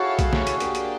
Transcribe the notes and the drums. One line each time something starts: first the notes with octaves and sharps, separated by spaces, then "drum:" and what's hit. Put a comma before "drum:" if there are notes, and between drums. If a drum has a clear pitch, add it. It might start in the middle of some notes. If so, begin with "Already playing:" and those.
Already playing: E4 F#4 G#4 A4 C#5 F5
drum: kick B1, hi-hat
drum: snare
drum: hi-hat
A#3 D4 G4, drum: hi-hat
drum: hi-hat